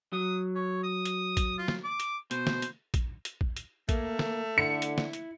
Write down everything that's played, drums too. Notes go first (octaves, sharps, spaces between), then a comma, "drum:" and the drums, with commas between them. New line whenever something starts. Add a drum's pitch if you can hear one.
F#3 D#6
C#5
D#6
drum: hi-hat
drum: kick, hi-hat
F4
drum: snare
D6
drum: hi-hat
B2 C5, drum: hi-hat
drum: snare
drum: hi-hat
drum: kick, hi-hat
drum: hi-hat
drum: kick
drum: hi-hat
A3 A#3, drum: kick, hi-hat
drum: snare
D3 E4 C#7
drum: hi-hat
drum: snare
drum: hi-hat